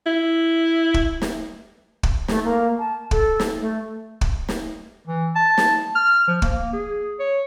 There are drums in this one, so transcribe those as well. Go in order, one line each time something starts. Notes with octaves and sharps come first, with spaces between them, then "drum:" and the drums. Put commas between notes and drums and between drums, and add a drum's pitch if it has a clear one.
E4
drum: kick
drum: snare
drum: kick
A3, drum: snare
A#3
A5
A4, drum: kick
drum: snare
A3
drum: kick
drum: snare
E3
A5
drum: snare
F6
F3
A#3, drum: kick
G#4
C#5